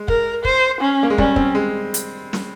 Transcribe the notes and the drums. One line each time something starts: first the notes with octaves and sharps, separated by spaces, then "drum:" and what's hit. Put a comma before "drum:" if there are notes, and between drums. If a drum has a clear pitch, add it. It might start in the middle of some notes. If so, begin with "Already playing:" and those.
Already playing: G#3
A#4, drum: kick
C5, drum: kick
C#4
A#3
G#3
G3 C#4, drum: kick
C4, drum: kick
G#3
drum: hi-hat
drum: snare